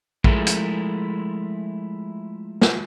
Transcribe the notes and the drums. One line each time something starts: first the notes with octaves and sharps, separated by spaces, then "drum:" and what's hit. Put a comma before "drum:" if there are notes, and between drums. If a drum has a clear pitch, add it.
F3 G#3 A3 E4 G#4 A#4, drum: kick
drum: hi-hat
drum: snare